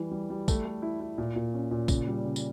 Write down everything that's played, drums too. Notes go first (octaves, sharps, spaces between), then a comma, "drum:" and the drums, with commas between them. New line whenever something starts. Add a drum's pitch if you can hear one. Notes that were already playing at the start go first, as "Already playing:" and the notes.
Already playing: E3 G3
G3
G3
A3, drum: kick, tambourine
A3
E4
E4
A#2
A#2
C#4
A#2
C#3, drum: kick, tambourine
G3
C#3
drum: tambourine